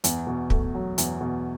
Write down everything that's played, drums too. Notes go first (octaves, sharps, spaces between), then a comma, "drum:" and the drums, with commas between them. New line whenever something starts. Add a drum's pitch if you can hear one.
E2, drum: hi-hat
B2
A3, drum: kick
F#3
E2, drum: hi-hat
B2